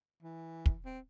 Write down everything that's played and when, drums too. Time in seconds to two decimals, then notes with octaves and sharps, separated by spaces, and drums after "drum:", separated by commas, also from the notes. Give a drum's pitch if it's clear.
0.23 E3
0.66 drum: kick
0.85 C4